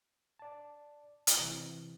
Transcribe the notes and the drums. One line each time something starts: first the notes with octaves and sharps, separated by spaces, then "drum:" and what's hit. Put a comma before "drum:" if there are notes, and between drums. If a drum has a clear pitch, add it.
D5 A5
drum: hi-hat
C3 E3